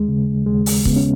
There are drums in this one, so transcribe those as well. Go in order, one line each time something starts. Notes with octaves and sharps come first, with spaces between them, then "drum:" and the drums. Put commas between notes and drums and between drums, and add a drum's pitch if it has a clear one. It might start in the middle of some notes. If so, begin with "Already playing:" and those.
Already playing: D#2 G#3
C#3
D#2 G#3
drum: open hi-hat
C#3 B3, drum: kick
C#4